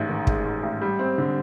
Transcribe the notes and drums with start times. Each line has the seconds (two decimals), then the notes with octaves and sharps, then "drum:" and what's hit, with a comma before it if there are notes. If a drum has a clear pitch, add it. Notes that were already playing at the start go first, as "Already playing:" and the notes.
Already playing: A1 G#2 G#3
0.09 D#3
0.27 G#3, drum: kick
0.45 G#2
0.63 A1
0.81 G3
0.99 C4
1.18 D3